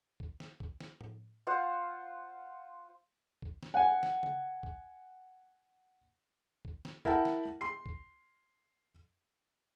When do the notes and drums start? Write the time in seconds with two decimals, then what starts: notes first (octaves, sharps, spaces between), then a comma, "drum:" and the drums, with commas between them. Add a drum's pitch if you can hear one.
0.20 drum: kick
0.40 drum: snare
0.60 drum: kick
0.80 drum: snare
1.01 drum: tom A2
1.47 F4 C5 F5 F#5
3.42 drum: kick
3.63 drum: snare
3.74 F#5 G#5
4.03 drum: snare
4.23 drum: tom C#3
4.63 drum: kick
6.65 drum: kick
6.85 drum: snare
7.05 E4 A#4 E5 F#5 G5 A5, drum: kick
7.25 drum: snare
7.45 drum: tom G#3
7.61 C6 C7
7.86 drum: kick